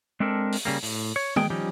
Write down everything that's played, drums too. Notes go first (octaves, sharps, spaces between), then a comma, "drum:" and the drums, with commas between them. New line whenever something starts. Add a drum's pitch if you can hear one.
G#3 C4 D4 A4 A#4
drum: open hi-hat
C#3 G3 A#3
A2, drum: open hi-hat
C#5
G#3 G#4 G5, drum: tom
F3 G3 C#4 D#4 G4